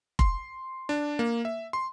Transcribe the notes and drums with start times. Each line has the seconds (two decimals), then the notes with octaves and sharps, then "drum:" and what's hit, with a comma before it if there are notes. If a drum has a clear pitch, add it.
0.19 C6, drum: kick F1
0.89 D4
1.19 A#3
1.45 E5
1.73 C6